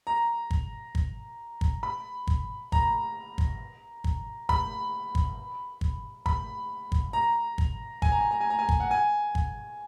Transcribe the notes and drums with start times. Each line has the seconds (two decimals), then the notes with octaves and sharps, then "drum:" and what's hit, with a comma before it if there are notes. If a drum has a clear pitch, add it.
0.07 A#5
0.51 drum: kick G1
0.95 drum: kick G1
1.61 drum: kick G1
1.83 B5
2.27 drum: kick G1
2.72 A#5, drum: kick G1
3.38 drum: kick G1
4.04 drum: kick G1
4.49 B5, drum: kick G1
5.15 drum: kick G1
5.81 drum: kick G1
6.26 B5, drum: kick G1
6.92 drum: kick G1
7.13 A#5
7.58 drum: kick G1
8.02 G#5, drum: kick G1
8.12 A#5
8.21 G#5
8.31 A#5
8.41 G#5
8.50 A#5
8.59 G#5
8.69 drum: kick G1
8.80 F#5
8.91 G#5
9.35 drum: kick G1